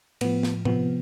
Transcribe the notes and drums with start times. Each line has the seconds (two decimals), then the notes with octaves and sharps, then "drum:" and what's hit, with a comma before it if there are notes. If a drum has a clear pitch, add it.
0.21 A2 F3 B3, drum: cymbal
0.43 drum: snare
0.65 C3 F3 B3, drum: tom A2